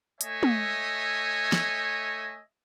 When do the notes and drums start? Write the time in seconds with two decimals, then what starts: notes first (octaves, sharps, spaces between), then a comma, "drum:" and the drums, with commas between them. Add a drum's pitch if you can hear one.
0.21 A3 C#5 D#5 E5 G#5, drum: hi-hat
0.43 drum: tom
1.52 drum: snare